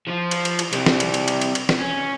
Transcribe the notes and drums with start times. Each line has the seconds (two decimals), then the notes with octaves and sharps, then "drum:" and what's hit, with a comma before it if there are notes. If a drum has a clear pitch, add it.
0.07 F3 F4
0.31 drum: cymbal
0.45 drum: cymbal
0.59 drum: cymbal
0.73 C3 G3, drum: cymbal
0.86 drum: snare
1.00 drum: cymbal
1.14 drum: cymbal
1.28 drum: cymbal
1.41 drum: cymbal
1.55 drum: cymbal
1.69 drum: snare
1.80 C#4